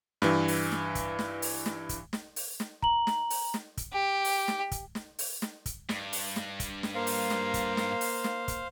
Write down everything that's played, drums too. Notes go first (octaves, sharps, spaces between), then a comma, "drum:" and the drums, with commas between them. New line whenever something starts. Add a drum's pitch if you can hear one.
G2 E3, drum: snare
drum: open hi-hat
drum: snare
drum: kick, hi-hat
drum: snare
drum: open hi-hat
drum: snare
drum: kick, hi-hat
drum: snare
drum: open hi-hat
drum: snare
A#5 F#7, drum: kick
drum: snare
drum: open hi-hat
drum: snare
drum: kick, hi-hat
G4
drum: open hi-hat
drum: snare
drum: kick, hi-hat
drum: snare
drum: open hi-hat
drum: snare
drum: kick, hi-hat
G2, drum: snare
drum: open hi-hat
drum: snare
drum: kick, hi-hat
drum: snare
A#3 C5 F5
drum: open hi-hat
drum: snare
drum: kick, hi-hat
drum: snare
drum: open hi-hat
drum: snare
drum: kick, hi-hat